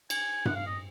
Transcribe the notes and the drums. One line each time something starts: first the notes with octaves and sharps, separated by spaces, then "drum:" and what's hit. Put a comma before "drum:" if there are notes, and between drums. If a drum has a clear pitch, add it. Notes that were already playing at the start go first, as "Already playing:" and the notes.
G#5, drum: cymbal
F#5, drum: tom G2
F5
D#5